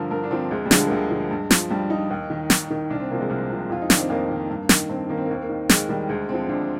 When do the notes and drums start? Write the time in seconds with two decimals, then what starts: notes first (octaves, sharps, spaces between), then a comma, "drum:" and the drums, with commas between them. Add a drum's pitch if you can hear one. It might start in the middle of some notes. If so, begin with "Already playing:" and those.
Already playing: G2 D3 F3 A#4
0.11 G2 A#4
0.24 D4
0.31 D3 F3 C4
0.51 D2 G#3
0.66 G3
0.71 D3 F3 G#3, drum: snare
0.85 A#3
0.91 D2 G#3
1.11 D3 F3
1.31 G2
1.51 F3, drum: snare
1.70 G2 G3
1.90 F3 D#4
2.10 D#2
2.30 D#3
2.50 D#2, drum: snare
2.70 D#3
2.90 C2 D4
3.00 C4
3.10 C3 F3 A#3
3.20 G#3
3.30 C2
3.50 C3 F3
3.70 F2 F4
3.82 D#4
3.90 D#3 D4, drum: snare
4.00 C4
4.10 F2 A#3
4.30 D#3
4.50 G2
4.69 D#3, drum: snare
4.89 G2 C4
5.09 D#3 A#3
5.17 C4
5.25 A#3
5.30 D#2 C4
5.42 A#3
5.49 D#3
5.69 D#2 G#3, drum: snare
5.89 D#3 G3
6.09 D2 G#3
6.29 D3 F3 C4
6.48 D2 D4